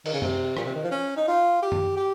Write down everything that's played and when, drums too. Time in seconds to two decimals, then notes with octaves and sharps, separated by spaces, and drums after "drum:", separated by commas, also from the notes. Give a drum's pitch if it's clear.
0.06 D#3, drum: cymbal
0.13 C#3
0.22 C3, drum: tom F#2
0.57 A#2, drum: rim click
0.65 C3
0.75 D#3
0.84 F3
0.91 C#4
1.17 D#4
1.28 F4
1.62 G4
1.72 drum: tom F#2
1.97 G4